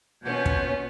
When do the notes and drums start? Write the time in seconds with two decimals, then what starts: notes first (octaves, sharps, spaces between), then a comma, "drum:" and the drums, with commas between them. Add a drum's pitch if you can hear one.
0.23 B2 A#3 B3 C#4 F4 G6 G#6
0.46 drum: kick